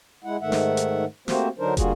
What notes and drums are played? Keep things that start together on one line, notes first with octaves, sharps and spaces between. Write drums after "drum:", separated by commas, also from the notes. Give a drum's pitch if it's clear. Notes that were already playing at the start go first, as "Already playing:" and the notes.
G#3 E4 F#5
G#2 D#3 A3 E5 F#5
drum: snare
drum: hi-hat
A3 A#3 C4 F#4 G4 C5, drum: snare
D3 F#3 D4 D#4 A#4 C5
D3 G3 A#3 F4 F#4 G#4, drum: kick, hi-hat